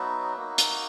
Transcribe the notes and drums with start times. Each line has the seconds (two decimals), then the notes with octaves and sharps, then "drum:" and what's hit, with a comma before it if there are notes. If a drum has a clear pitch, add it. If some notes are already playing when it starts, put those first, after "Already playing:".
Already playing: F#3 B3 D#4 F#4 E5
0.36 A#3 D#4 F#4
0.58 drum: hi-hat